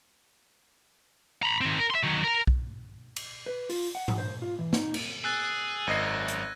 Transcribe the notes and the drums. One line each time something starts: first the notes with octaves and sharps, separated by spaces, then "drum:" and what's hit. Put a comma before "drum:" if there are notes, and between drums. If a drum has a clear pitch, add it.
A#5 B5
D#3 C4
A#4
E5 C6
D#3 F#3
A#4 A#5
drum: kick B1
drum: cymbal
B4
F4, drum: open hi-hat
F#5
drum: tom G#2
C5
F4
E3
D#4, drum: snare
drum: cymbal
G#4 E6 F#6 A6
G#1 F#2 D#5 G#6 A#6 C7 D#7
drum: hi-hat